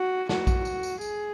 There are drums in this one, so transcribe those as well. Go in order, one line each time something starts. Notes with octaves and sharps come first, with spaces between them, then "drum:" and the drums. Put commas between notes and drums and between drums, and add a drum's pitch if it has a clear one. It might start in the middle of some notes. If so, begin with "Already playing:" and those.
Already playing: F#4
F#4, drum: snare
drum: kick A#1, tambourine
drum: tambourine
drum: tambourine
G#4, drum: tambourine